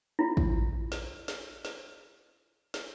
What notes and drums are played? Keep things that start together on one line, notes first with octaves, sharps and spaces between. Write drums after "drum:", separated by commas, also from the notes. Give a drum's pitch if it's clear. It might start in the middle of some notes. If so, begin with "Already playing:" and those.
E4 F4
drum: kick
drum: snare
drum: snare
drum: snare
drum: snare